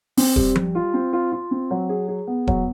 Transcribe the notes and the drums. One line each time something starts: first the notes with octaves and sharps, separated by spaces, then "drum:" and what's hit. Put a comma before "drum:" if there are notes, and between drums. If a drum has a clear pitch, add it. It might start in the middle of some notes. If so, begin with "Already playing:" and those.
C4, drum: open hi-hat
G3, drum: kick D#1
G3, drum: tom F3
F4
C4
F4
F4
C4
F#3
G#4
G#4
B3
F#3, drum: kick D#1